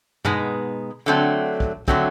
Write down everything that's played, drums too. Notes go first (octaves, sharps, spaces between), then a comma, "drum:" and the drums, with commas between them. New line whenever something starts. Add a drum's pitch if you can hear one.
B2 G#3 B3 D#4, drum: tom G2
D3 F#3 A3 C4
drum: kick
D3 F#3 A3 C4, drum: kick